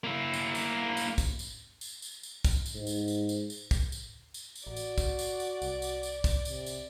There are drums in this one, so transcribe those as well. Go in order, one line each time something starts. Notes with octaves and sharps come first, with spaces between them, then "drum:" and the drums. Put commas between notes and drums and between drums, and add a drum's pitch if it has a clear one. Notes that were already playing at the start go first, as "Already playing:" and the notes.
A#3 E4
drum: tambourine
drum: tambourine
drum: tambourine
drum: kick, tambourine
drum: tambourine
drum: tambourine
drum: tambourine
drum: tambourine
drum: kick, tambourine
drum: tambourine
G#2
drum: tambourine
drum: tambourine
drum: tambourine
drum: tambourine
drum: kick, tambourine
drum: tambourine
drum: tambourine
drum: tambourine
A1 F#4 D5
drum: tambourine
drum: kick, tambourine
drum: tambourine
drum: tambourine
C2, drum: tambourine
drum: tambourine
drum: tambourine
drum: kick, tambourine
C3, drum: tambourine
drum: tambourine